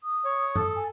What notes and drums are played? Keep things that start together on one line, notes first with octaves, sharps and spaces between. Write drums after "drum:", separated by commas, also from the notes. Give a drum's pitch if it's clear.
D#6
C#5
A4, drum: tom G2
G#5